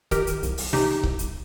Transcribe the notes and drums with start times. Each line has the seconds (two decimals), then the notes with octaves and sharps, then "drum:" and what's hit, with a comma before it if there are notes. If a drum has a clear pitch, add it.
0.11 D#3 G4 A#4, drum: kick C#1, hi-hat
0.27 drum: hi-hat
0.43 C2, drum: hi-hat
0.58 drum: open hi-hat
0.73 C3 D#4 G4, drum: snare
1.03 C2, drum: kick C#1
1.19 drum: hi-hat